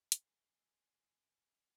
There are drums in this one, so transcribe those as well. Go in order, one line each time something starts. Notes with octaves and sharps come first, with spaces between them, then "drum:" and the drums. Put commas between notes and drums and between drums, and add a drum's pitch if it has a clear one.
G#5 C6, drum: hi-hat